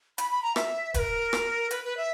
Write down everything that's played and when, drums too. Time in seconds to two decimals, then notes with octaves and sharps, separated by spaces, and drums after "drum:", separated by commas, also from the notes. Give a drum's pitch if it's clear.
0.18 B5, drum: hi-hat
0.30 B5
0.43 A#5
0.56 E5, drum: rim click
0.94 B4, drum: kick, hi-hat
0.99 A#4
1.33 drum: rim click
1.71 B4, drum: hi-hat
1.84 B4
1.97 E5